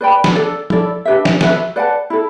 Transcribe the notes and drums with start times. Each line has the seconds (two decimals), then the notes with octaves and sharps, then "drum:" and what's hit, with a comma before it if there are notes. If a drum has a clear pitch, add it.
0.01 B4 D5 G5 B5
0.24 drum: snare
0.35 D4 A4 D5
0.70 E4 A4 D5, drum: tom
1.05 D4 G4 B4 E5
1.25 drum: snare
1.41 D4 F#4 B4 E5, drum: snare
1.76 B4 D5 F#5 A5
2.10 E4 A4